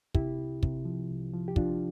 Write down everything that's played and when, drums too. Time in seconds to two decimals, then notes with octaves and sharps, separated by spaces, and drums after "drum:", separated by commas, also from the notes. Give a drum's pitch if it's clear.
0.15 C3 E4 G4, drum: kick
0.39 C2
0.63 C3, drum: kick
0.85 F3
1.10 C2
1.33 F3
1.48 G4
1.56 F3 D4 F4, drum: kick